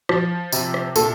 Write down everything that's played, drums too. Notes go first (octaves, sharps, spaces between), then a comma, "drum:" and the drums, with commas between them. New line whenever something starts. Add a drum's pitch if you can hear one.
F3, drum: rim click
C3, drum: tambourine
drum: rim click
A#2 A4, drum: tambourine